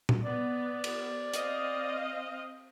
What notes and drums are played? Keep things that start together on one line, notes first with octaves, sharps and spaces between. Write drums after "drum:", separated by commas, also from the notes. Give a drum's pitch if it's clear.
drum: tom A#2
B3 D5
drum: cymbal
C4 D#5 F5, drum: hi-hat